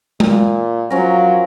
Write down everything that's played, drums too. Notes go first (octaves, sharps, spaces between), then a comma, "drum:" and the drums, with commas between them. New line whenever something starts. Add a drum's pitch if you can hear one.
A#2, drum: tom G#3
F3 F#3 C#4 A#4